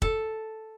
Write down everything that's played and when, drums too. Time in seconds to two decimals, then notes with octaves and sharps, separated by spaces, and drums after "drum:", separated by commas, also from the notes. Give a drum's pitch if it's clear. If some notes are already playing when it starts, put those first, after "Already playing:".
0.02 A4, drum: kick